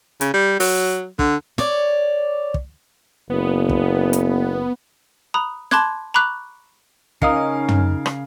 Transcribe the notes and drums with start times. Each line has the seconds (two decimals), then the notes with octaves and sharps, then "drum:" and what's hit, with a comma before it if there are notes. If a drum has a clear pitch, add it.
0.21 C#3, drum: hi-hat
0.34 G3
0.60 F#3, drum: open hi-hat
1.19 D3, drum: kick
1.58 C#5 D5, drum: snare
2.54 drum: kick
3.30 F#1 B3
3.69 drum: kick
4.13 drum: hi-hat
5.34 A#5 B5 D#6 F#6
5.71 A5 B5 C6 D6 F#6 G#6, drum: snare
6.14 A#5 B5 C#6 D6 F#6
7.22 C#3 C#4 D#4 A#4 F5 D#6, drum: kick
7.68 drum: tom
8.06 drum: rim click